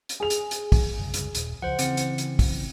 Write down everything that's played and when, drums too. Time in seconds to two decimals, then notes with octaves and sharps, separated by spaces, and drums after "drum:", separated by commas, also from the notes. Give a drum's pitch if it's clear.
0.09 drum: hi-hat
0.20 G#4 F7
0.30 drum: hi-hat
0.51 drum: hi-hat
0.72 drum: kick, open hi-hat
0.98 F#1 C2
1.14 drum: hi-hat
1.35 D#1, drum: hi-hat
1.62 C#2 F3 C5 F#5
1.79 C#3 E3 C4 C#7, drum: hi-hat
1.97 drum: hi-hat
2.18 drum: hi-hat
2.39 drum: kick, open hi-hat